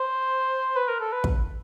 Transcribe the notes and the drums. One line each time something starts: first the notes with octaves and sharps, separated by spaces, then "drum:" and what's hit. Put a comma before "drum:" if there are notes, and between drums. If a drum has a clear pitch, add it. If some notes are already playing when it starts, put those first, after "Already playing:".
Already playing: C5
B4
A#4
A4
B4
drum: kick